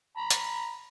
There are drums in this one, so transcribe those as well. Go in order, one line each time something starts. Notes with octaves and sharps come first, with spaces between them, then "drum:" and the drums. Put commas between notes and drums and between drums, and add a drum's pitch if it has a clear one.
A#5 B5
drum: hi-hat